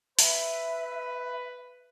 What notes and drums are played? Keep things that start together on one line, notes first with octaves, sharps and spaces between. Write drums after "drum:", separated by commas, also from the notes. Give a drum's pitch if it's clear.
B4 E5, drum: open hi-hat